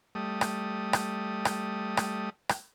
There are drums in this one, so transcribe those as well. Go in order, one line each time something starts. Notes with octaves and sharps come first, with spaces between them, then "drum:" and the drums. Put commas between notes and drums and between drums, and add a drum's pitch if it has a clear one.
G3 A3 D#6
drum: rim click
drum: rim click
drum: rim click
drum: rim click
drum: rim click